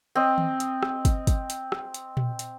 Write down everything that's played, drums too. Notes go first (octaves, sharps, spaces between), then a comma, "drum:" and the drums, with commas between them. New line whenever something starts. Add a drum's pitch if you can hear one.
C4 D#5
drum: tom D#3
drum: hi-hat
drum: rim click
drum: kick, hi-hat
drum: kick, hi-hat
drum: hi-hat
drum: rim click
drum: hi-hat
drum: tom A#2
drum: hi-hat